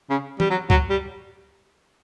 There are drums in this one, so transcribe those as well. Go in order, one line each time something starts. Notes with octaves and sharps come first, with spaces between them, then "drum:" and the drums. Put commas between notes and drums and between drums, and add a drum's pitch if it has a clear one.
C#3
G3, drum: tom E3
F#3
F#3, drum: kick C#2
G3